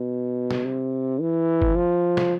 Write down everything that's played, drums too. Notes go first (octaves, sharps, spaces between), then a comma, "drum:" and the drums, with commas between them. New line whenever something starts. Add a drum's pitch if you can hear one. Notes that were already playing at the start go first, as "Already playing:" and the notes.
Already playing: B2
drum: snare
C3
E3
drum: kick G1
F3
drum: snare